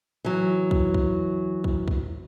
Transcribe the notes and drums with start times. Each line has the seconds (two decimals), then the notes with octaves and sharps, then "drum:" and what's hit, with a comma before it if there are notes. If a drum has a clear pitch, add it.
0.24 E3 F#3
0.71 drum: kick B1
0.94 drum: kick B1
1.64 drum: kick B1
1.88 drum: kick B1